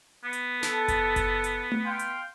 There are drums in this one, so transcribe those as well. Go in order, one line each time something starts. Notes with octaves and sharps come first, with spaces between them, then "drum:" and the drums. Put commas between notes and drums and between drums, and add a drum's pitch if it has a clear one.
B3
drum: hi-hat
A4, drum: snare
drum: kick F#1, hi-hat
drum: kick F#1, hi-hat
drum: hi-hat
drum: tom A3
F5 G5 C6
drum: hi-hat